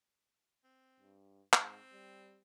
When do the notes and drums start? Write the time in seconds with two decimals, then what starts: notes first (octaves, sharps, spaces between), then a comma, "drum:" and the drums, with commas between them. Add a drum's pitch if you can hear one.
0.64 C4
1.00 G2
1.53 G#2 C4, drum: clap
1.93 G3